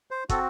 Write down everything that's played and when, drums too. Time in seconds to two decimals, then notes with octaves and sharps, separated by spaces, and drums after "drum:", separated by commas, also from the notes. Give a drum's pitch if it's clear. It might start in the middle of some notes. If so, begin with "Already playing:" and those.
0.11 C5
0.29 C4 F#4 A4, drum: kick, hi-hat